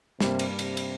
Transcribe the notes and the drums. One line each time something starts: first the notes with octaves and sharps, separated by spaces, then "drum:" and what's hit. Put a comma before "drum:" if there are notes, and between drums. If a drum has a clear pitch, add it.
G2 C3 G3 A#3, drum: snare
drum: cymbal
C3, drum: cymbal
drum: cymbal